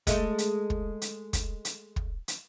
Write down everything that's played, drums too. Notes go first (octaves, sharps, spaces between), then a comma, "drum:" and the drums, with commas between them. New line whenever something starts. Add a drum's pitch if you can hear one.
G#3 A3, drum: kick, hi-hat
drum: hi-hat
drum: kick
drum: hi-hat
drum: kick, hi-hat
drum: hi-hat
drum: kick
drum: hi-hat